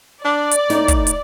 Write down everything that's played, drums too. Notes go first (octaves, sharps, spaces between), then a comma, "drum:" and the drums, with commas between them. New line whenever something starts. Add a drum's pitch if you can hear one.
D4 D5
drum: hi-hat
A2 D#4, drum: snare
drum: kick, hi-hat
drum: hi-hat